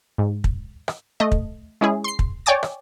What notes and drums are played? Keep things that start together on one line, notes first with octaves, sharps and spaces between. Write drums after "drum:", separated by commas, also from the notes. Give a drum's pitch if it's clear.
G#2
drum: kick
drum: rim click
A3 D#5
drum: kick
G#3 C#4 E4 G#4
C6 C7
drum: kick
C#5 D5 G5 G#5 D6 A6
drum: rim click